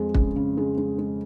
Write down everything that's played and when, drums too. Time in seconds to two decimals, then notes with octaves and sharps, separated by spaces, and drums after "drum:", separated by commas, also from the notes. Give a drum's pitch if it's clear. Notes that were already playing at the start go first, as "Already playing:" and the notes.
Already playing: F2 G#3
0.14 C#3, drum: kick
0.36 C#3
0.57 G#3
0.78 G#3
0.99 G#3